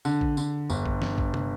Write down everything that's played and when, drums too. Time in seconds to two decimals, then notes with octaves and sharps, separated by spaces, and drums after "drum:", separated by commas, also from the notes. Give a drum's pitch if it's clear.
0.05 D3, drum: tambourine
0.21 drum: kick A1
0.37 D3, drum: tambourine
0.70 G1, drum: tambourine
0.86 drum: kick A1
1.02 drum: snare
1.18 drum: kick A1
1.34 drum: tom